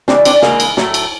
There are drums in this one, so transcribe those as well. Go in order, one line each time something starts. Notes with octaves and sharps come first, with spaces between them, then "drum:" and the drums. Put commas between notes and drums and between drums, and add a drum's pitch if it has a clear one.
C#3 E3 G#3 C4 D4, drum: snare
C4 D4, drum: cymbal
C#3 E3 G#3 A#3, drum: snare
drum: cymbal
A2 F#3 A3, drum: snare
drum: cymbal